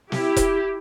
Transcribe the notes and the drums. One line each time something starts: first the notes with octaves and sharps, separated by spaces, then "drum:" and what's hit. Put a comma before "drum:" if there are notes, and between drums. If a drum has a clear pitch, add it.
E4 G4, drum: snare
drum: kick E1, hi-hat